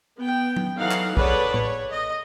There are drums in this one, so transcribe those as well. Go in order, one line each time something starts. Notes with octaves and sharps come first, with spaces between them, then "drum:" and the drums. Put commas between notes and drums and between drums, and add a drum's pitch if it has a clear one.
B3 G5
drum: tom F#3
E3 F#3 D#4 A4 F5 F#5
drum: clap
G#4 A4 B4 C#5 D5 F#5, drum: kick A1
C#5, drum: tom A2
D#5